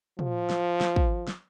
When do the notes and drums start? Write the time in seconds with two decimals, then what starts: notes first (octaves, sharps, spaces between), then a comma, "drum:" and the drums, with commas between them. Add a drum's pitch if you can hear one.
0.19 F3, drum: tom
0.50 drum: snare
0.81 drum: snare
0.96 drum: kick
1.27 drum: snare